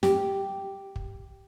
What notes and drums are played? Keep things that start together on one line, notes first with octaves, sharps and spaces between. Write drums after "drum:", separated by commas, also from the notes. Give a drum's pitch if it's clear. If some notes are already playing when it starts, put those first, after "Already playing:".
G4, drum: snare
drum: kick